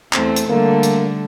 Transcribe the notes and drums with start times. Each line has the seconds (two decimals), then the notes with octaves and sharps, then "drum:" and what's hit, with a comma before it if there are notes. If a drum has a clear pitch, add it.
0.13 E2 A3 C4, drum: clap
0.36 drum: hi-hat
0.49 D3 G3 A3 A#3
0.83 drum: hi-hat